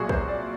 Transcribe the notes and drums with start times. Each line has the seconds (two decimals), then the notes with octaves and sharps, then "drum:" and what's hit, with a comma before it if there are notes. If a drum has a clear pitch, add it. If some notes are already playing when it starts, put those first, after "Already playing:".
Already playing: C2 A#2 F#3 F#4 G#4
0.09 C5, drum: kick
0.28 D5